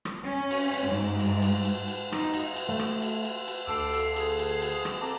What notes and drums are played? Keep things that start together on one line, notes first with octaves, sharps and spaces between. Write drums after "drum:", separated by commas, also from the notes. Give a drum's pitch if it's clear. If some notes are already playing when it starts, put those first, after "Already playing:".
drum: rim click
C#4
drum: cymbal
drum: cymbal
G#2
drum: cymbal
drum: cymbal
drum: cymbal
drum: cymbal
D#4, drum: rim click
drum: cymbal
drum: cymbal
A3
drum: rim click
drum: cymbal
drum: cymbal
drum: cymbal
D2 A4 D6 E6 C7
drum: cymbal
G#4, drum: cymbal
drum: cymbal
drum: cymbal
drum: rim click
C4 A4 A5 A#5 D6